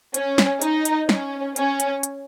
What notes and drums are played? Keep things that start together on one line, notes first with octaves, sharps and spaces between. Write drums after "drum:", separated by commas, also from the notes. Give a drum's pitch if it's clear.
C#4, drum: hi-hat
drum: snare
D#4, drum: hi-hat
drum: hi-hat
C#4, drum: snare
C#4, drum: hi-hat
drum: hi-hat
drum: hi-hat